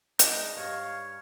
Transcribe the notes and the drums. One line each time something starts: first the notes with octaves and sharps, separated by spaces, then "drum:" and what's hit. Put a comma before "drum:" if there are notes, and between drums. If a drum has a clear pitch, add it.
G#3 D4 D#4 D#5, drum: hi-hat
G2 C#5 F5